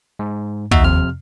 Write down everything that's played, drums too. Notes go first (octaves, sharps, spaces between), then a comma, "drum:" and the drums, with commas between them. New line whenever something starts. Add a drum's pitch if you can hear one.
G#2
D#2 D#4 F#4 E5, drum: kick
F2 C3 F6